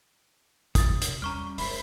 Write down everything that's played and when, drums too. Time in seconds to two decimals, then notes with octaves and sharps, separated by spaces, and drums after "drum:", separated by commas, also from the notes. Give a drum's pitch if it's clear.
0.75 D2 C3 D#6 A6, drum: kick, hi-hat
1.02 drum: hi-hat
1.22 E2 G3 C#4 A#5 C#6 F6
1.58 G1 G#3 C5 E5 B5, drum: open hi-hat